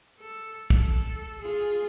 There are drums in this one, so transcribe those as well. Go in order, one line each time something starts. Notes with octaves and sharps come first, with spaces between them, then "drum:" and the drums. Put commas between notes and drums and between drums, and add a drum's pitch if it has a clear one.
A4
A4, drum: kick
F4 G#4